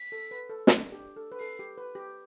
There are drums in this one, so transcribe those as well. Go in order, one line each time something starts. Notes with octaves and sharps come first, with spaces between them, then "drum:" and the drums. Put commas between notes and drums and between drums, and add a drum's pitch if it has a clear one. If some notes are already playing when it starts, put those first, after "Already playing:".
Already playing: B6
A4
B4
A4
D4, drum: snare
G4
A4
B4
A4 C7
G4
B4
G4